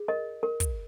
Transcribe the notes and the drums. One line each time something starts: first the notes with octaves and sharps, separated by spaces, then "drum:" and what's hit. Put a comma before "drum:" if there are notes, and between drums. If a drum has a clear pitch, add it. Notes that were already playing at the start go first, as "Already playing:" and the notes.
Already playing: G#4
A#4 D#5
A#4
drum: kick, hi-hat